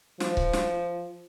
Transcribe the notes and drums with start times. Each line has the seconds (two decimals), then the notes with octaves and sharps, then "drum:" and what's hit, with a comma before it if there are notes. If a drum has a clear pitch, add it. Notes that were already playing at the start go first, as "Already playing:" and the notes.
0.20 F3, drum: snare
0.37 drum: kick C#1
0.53 drum: snare